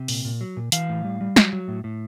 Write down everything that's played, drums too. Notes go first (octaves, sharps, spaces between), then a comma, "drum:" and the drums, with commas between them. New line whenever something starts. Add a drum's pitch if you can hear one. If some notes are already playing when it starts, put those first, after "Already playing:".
Already playing: C3
A#2, drum: open hi-hat
A#2
F#3
A#2
E3 F5, drum: hi-hat
A2
G3
G3
F#3, drum: snare
F#3
A2
A2